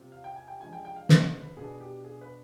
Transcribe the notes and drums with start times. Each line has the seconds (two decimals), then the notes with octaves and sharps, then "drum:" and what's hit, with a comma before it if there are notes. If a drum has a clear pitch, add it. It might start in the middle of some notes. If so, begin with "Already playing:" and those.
Already playing: C3 G3 C4 F4
0.12 F5
0.24 G5
0.36 G#5
0.48 G5
0.60 F3 G#3 D4 F4 G#5
0.73 G5
0.85 G5
0.96 F5
1.09 D#5, drum: snare
1.24 C5
1.40 B4
1.57 B2 B3 D4 G#4
1.80 G4
2.04 G#4
2.21 B4